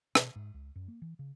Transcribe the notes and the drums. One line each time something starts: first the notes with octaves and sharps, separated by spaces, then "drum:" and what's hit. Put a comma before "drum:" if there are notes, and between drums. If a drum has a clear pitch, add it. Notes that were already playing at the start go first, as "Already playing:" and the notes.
B2, drum: rim click
G#2
C#2
F#2
A#3
E3
C#3